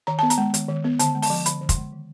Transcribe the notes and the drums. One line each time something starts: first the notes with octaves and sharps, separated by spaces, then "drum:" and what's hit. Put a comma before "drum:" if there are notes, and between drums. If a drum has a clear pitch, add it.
D#3 A#5
B3 A5
A#5, drum: hi-hat
G#3
D#3, drum: hi-hat
D#3
B3
D3 A5, drum: hi-hat
G#3
A5, drum: open hi-hat
F3
D3 B5, drum: hi-hat
D3
C6, drum: kick, hi-hat
G#3
D#3